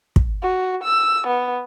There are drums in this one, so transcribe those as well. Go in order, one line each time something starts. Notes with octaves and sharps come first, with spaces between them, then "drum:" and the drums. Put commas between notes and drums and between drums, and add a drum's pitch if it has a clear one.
drum: kick
F#4
E6
B3